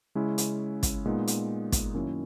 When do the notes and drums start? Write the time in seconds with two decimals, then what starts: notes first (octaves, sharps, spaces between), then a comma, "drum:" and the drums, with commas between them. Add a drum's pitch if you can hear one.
0.15 C#3 G#3 C#4 E4
0.38 drum: hi-hat
0.83 drum: kick, hi-hat
1.05 A#2 G#3 B3 D#4
1.27 drum: hi-hat
1.72 drum: kick, hi-hat
1.94 F#2 D#3 A#3 C#4 E4